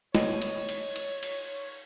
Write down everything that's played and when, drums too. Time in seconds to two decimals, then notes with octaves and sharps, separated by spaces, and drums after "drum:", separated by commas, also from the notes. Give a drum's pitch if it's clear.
0.15 C#5 D#5, drum: snare
0.42 drum: cymbal
0.69 drum: cymbal
0.96 drum: cymbal
1.23 drum: cymbal